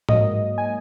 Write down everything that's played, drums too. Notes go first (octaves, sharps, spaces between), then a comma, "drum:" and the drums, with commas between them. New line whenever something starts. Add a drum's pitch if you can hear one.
G#2 F#3 A#3 D#5, drum: tom A2
G#5